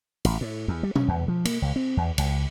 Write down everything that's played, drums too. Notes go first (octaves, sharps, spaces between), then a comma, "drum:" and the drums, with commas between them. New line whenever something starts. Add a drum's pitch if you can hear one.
A1, drum: cymbal
A2
E2
G3
C#4, drum: tom B2
E2
F3
A#3, drum: cymbal
C#2
C4
E2
C#2, drum: cymbal